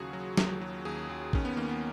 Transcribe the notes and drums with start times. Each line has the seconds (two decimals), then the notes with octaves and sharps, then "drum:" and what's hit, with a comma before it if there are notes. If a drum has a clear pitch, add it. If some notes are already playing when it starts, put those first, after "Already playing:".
Already playing: D#2 C#3 F#3 F4 F#4 G#4
0.13 F#3
0.37 D#2, drum: snare
0.61 F#3
0.85 D#2 G#4
1.09 D#2
1.33 D#3 C#4, drum: kick A1
1.45 B3
1.57 D#3 A#3
1.69 B3